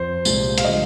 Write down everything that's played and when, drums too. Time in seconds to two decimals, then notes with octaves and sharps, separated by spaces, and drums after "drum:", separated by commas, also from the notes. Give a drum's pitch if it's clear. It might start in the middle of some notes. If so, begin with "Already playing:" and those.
Already playing: F2 C5
0.25 C2 A#2 G#3, drum: tambourine
0.58 F5, drum: hi-hat
0.65 D3 F3 G#3 D#5